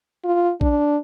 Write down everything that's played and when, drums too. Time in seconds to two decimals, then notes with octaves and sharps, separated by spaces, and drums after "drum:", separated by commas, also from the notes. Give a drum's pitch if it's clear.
0.24 F4
0.61 D4, drum: kick